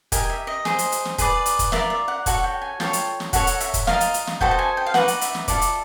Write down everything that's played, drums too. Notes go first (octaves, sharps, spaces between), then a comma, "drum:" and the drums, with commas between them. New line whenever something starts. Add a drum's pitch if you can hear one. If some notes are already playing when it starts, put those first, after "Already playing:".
G4 A#4 D#5 G#5, drum: kick, hi-hat
E5
D#5
G#4 C5 D#5, drum: snare
drum: hi-hat
drum: hi-hat
drum: snare
G#4 B4 D5, drum: kick, hi-hat
drum: hi-hat
drum: kick, hi-hat
F4 A#4 D5 E5, drum: snare
E5
F#5
F#4 A4 C#5 F#5, drum: kick, hi-hat
G5
G#5
F4 A4 C#5 G5, drum: snare
drum: hi-hat
drum: snare
F#4 A4 C#5 F#5, drum: kick, hi-hat
drum: hi-hat
E5, drum: hi-hat
drum: kick, hi-hat
F4 A#4 D#5 F5, drum: snare
drum: hi-hat
drum: hi-hat
drum: snare
F#4 A4 C5 D#5 G5, drum: kick
A5
G#5
G5
F5
D#4 F#4 B4 D5 F#5, drum: snare
drum: hi-hat
E5, drum: hi-hat
drum: snare
F4 A4 D5, drum: kick, hi-hat
drum: hi-hat